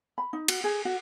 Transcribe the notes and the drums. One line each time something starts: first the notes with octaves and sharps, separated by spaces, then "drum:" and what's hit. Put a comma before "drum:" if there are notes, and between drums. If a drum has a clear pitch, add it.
B5
D#4
F#4, drum: cymbal
G#4
F#4